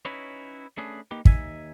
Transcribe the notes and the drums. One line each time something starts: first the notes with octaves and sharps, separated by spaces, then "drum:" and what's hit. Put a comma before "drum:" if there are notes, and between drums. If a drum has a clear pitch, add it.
C#4 D#4 E4 F#4 B4 C#5
A3 C#4 D4 G#4 B4
A#3 D#4 G4 B4
D#2 D#4 E5 G#5, drum: kick